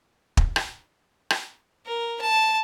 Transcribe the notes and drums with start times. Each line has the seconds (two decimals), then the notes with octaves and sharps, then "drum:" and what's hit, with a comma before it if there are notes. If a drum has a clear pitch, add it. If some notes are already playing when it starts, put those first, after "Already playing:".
0.37 drum: kick
0.56 drum: rim click
1.30 drum: rim click
1.86 A#4
2.21 A5